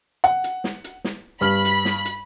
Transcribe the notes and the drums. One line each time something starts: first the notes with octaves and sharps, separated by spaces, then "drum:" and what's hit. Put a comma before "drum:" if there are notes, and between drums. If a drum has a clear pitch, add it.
F#5, drum: hi-hat
drum: hi-hat
drum: snare
drum: hi-hat
drum: snare
G2 B5 F6 F#7
drum: hi-hat
drum: snare
drum: hi-hat